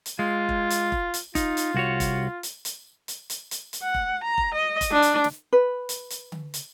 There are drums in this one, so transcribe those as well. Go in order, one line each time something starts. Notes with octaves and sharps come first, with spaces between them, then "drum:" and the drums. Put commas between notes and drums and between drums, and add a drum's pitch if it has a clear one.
drum: hi-hat
G#3 F4
drum: kick F1
drum: hi-hat
drum: kick F1
drum: hi-hat
D#4 F4, drum: kick F1, hi-hat
drum: hi-hat
C2 F#4 C#5
drum: kick F1, hi-hat
drum: hi-hat
drum: hi-hat
drum: hi-hat
drum: hi-hat
drum: hi-hat
drum: hi-hat
F#5
drum: kick F1
A#5
drum: kick F1
D#5
drum: kick F1, hi-hat
D4
drum: hi-hat
drum: snare
B4
drum: hi-hat
drum: hi-hat
drum: tom D3
drum: hi-hat